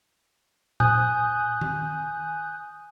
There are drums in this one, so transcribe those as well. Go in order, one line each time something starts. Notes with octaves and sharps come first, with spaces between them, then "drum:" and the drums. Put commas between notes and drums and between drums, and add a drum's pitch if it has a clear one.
G#5 D#6 F#6 G6, drum: tom A#2
drum: tom D#3